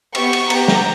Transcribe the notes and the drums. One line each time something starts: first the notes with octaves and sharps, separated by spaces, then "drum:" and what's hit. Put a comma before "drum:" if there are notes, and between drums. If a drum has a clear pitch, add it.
B3 G4 C#6, drum: cymbal
drum: cymbal
B3 G4 A#5, drum: cymbal
drum: snare